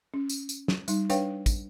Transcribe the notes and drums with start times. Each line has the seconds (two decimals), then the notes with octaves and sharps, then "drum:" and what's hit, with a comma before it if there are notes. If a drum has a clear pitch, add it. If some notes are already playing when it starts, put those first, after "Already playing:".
0.14 C#4
0.29 drum: tambourine
0.49 drum: tambourine
0.68 drum: snare
0.88 G3 D#4, drum: tambourine
1.10 D4 B4 C#5 F5 G5, drum: tambourine
1.46 drum: kick, tambourine